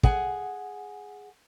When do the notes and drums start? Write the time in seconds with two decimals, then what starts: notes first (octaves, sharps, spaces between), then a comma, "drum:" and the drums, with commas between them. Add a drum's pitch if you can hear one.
0.03 G#4 F#5 G#5, drum: kick